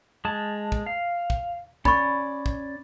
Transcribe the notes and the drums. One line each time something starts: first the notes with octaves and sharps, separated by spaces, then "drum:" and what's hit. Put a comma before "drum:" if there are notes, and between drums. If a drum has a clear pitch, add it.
G#3 A5
drum: kick
F5
drum: kick
C#4 D5 B5 C#6, drum: kick
drum: kick